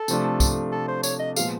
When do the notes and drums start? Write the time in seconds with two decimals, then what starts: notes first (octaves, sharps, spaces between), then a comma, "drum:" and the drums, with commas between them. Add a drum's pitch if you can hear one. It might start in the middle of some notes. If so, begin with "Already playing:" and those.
Already playing: A4
0.08 C3 F3 A3 D4, drum: tambourine
0.40 drum: kick, tambourine
0.72 A4
0.88 C5
1.03 C#5, drum: tambourine
1.20 D#5
1.36 A#2 F3 G#3 B3 F5, drum: tambourine